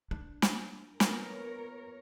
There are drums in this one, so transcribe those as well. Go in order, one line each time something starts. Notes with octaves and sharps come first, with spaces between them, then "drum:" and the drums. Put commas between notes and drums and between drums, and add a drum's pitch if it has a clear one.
D4
drum: snare
A#3 B3 F4 A#4 C#5, drum: snare